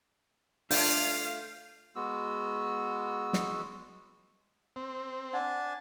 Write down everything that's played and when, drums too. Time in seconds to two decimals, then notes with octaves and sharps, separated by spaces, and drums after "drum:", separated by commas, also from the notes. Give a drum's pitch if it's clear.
0.71 A3 D4 F4 F5 G6, drum: open hi-hat
1.96 G#3 B3 F#4 E6
3.33 drum: snare
4.76 C4
5.33 D4 F#5 G#5 A5